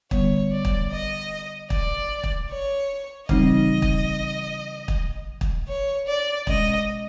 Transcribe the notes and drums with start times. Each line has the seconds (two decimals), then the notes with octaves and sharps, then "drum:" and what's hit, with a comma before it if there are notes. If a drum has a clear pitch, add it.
0.11 D3 G3 B3 C#5, drum: kick
0.51 D5
0.65 drum: kick
0.91 D#5
1.70 D5, drum: kick
2.23 drum: kick
2.50 C#5
3.29 C#3 E3 G3 C4 D#4 D#5, drum: kick
3.82 drum: kick
4.88 drum: kick
5.41 drum: kick
5.68 C#5
6.07 D5
6.47 B2 G#3 C#4 D#5, drum: kick